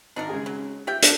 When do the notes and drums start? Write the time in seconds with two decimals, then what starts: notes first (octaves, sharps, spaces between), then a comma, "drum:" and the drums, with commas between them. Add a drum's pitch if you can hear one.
0.16 G#1 D4 D#4 A#4
0.29 C#3 G#3 G#4
0.46 F#3
0.87 F4 G4 E5 G5
1.03 D4 A4, drum: hi-hat